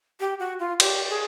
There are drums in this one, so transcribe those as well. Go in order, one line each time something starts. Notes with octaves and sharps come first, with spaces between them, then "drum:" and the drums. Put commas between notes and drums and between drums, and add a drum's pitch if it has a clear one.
G4
F#4
F4
G4, drum: cymbal
G#4